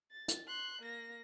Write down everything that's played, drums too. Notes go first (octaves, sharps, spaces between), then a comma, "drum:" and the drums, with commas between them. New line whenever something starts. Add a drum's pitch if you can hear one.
A6
drum: hi-hat
C6 F#6
A#3 A#6